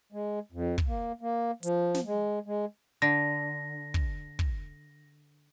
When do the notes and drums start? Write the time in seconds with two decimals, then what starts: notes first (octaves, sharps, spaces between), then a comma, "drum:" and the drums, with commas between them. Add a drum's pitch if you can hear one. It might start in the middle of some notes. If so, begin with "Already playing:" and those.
0.12 G#3
0.52 F2
0.78 drum: kick
0.88 A#3
1.21 A#3
1.63 F3, drum: hi-hat
1.94 drum: snare
2.05 G#3
2.46 G#3
3.02 D3 A#6
3.94 drum: kick
4.39 drum: kick